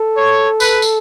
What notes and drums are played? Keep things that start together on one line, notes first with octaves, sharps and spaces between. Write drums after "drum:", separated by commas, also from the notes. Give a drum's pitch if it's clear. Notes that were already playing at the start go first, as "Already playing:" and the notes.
Already playing: A4
C#5
B4, drum: tambourine
drum: tambourine